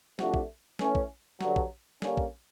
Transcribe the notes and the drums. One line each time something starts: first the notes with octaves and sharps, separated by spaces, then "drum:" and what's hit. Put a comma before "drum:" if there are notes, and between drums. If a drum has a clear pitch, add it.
C3 F3 A3 D4 F#4, drum: snare
drum: kick
E3 A3 C#4, drum: snare
drum: kick
G2 D3 F#3, drum: snare
drum: kick
D3 G3 A#3 C#4, drum: snare
drum: kick